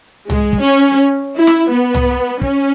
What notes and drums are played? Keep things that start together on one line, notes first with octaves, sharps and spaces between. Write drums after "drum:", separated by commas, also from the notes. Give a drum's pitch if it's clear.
G#3, drum: tom C2
drum: kick
C#4
E4
drum: snare
B3
drum: tom C2
C#4, drum: kick